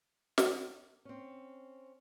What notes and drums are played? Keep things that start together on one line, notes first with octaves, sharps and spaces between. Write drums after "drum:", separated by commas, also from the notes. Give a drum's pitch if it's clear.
drum: snare
C4 C#4